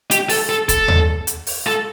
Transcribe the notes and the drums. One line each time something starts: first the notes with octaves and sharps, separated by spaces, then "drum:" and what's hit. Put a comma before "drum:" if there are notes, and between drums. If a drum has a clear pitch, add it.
G4, drum: hi-hat
A4, drum: open hi-hat
A4
A4, drum: kick, hi-hat
drum: tom D#2
drum: hi-hat
drum: open hi-hat
A4